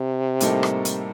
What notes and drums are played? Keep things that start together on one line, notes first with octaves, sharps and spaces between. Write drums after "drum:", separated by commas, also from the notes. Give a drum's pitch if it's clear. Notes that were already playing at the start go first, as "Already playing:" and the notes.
Already playing: C3
A2 G3 A#3 D#4 A4, drum: hi-hat
drum: rim click
drum: hi-hat